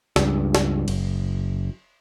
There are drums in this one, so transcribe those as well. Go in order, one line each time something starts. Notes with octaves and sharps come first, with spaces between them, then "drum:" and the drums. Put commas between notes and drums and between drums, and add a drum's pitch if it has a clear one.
C#2 G2, drum: snare
drum: snare
F#1, drum: cymbal